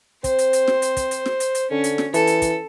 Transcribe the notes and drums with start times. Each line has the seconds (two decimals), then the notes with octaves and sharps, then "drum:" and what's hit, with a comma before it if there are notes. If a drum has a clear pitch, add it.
0.24 C4 C5, drum: kick, hi-hat
0.39 drum: hi-hat
0.53 drum: hi-hat
0.68 drum: snare
0.82 drum: hi-hat
0.97 drum: kick, hi-hat
1.11 drum: hi-hat
1.26 drum: snare
1.40 drum: hi-hat
1.55 drum: hi-hat
1.71 D3 C#4
1.84 drum: hi-hat
1.98 drum: snare
2.14 E3 A4, drum: hi-hat
2.27 drum: hi-hat
2.42 drum: kick, hi-hat